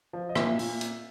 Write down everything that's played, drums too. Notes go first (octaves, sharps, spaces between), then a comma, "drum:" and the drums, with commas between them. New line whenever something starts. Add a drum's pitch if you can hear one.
F3
D#5
A#2 E5, drum: rim click
A#2, drum: open hi-hat
drum: hi-hat